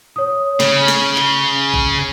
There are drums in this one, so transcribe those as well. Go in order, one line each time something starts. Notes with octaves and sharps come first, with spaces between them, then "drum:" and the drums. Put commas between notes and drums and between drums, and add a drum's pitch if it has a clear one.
C#5 D#6
C#3, drum: snare
drum: snare
G7, drum: clap
drum: kick